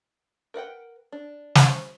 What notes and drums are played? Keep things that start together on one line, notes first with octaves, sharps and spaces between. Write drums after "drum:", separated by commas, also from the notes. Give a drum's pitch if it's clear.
A#4 B4 F#5 G5
D4
drum: snare
C5